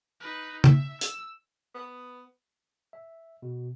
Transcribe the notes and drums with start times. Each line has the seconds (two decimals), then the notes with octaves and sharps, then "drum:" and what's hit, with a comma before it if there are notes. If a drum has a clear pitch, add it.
0.21 D#4 B4
0.64 E5, drum: tom C#3
1.01 E6, drum: hi-hat
1.75 B3
2.93 E5
3.42 B2